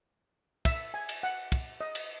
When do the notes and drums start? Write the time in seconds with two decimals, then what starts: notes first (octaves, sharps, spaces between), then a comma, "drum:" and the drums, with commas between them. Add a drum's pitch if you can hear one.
0.65 E5, drum: kick, cymbal
0.94 G#5
1.09 drum: cymbal
1.23 F#5
1.52 drum: kick, cymbal
1.81 D#5
1.95 drum: cymbal